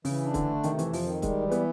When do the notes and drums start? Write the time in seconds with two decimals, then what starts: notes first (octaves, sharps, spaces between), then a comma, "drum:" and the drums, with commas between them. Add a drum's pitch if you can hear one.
0.05 C#3 E3, drum: open hi-hat
0.24 D4
0.34 D3, drum: kick, hi-hat
0.44 A3
0.63 C3 D#3, drum: hi-hat
0.79 F2 E3, drum: hi-hat
0.93 F3, drum: open hi-hat
1.03 D#3
1.22 G3 G#3, drum: kick, hi-hat
1.42 E3
1.52 B3, drum: hi-hat